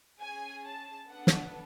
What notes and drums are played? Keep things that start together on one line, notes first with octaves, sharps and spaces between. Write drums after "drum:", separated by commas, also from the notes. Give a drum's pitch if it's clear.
C#4 G#4 G#5
A5
B3 D4 A4 F#5
drum: snare